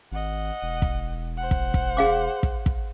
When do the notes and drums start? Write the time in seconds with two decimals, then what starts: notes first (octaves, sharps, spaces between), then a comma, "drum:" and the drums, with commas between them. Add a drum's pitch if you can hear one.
0.12 G#1 D#5 F#5
0.62 E1
0.82 drum: kick
1.37 C5 F#5
1.51 drum: kick
1.74 drum: kick
1.97 G#4 F5 D6
2.43 drum: kick
2.66 drum: kick